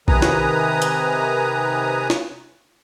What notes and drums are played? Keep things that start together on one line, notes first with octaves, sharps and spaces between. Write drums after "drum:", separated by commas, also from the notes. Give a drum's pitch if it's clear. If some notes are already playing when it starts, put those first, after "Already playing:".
C3 D#3 B4 G#5 A#5 D#6, drum: kick A#1
drum: snare
drum: hi-hat
drum: snare